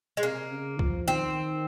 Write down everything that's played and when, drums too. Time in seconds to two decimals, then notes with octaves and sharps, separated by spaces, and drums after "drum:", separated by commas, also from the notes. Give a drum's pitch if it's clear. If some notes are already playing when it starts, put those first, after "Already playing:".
0.17 G#3
0.23 C3 A#3
0.51 C#3
0.79 F3, drum: kick
1.07 D#3 C4